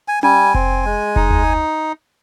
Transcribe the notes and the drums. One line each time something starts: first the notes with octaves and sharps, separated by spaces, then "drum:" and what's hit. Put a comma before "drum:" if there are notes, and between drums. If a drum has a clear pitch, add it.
G#5
G3 G#5, drum: tom C#4
C4, drum: kick F1
G#3
D#4, drum: kick F1
drum: tom D2